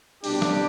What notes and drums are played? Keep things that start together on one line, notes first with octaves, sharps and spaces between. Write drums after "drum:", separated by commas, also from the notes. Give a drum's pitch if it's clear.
C2 B2 G3 D4 G4, drum: open hi-hat
drum: snare